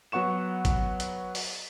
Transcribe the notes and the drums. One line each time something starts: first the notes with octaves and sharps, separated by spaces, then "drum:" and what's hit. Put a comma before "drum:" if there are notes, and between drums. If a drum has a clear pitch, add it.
F#3 B3 F#5 C#6 E7
drum: kick, hi-hat
drum: hi-hat
drum: open hi-hat